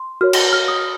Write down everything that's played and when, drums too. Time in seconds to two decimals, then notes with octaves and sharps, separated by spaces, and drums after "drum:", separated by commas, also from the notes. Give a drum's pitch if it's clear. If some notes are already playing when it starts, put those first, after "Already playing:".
Already playing: C6
0.21 F#4 A#4 C#5 F6
0.33 drum: cymbal
0.53 F6
0.68 D#6